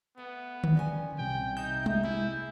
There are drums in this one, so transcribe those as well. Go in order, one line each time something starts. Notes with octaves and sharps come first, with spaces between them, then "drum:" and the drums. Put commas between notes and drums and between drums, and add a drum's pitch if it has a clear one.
A3 B3
drum: tom D3
C4 C#4 D5 G#5
C2 C3 G5
D#4 E5 G6
drum: tom G3
E4 G#4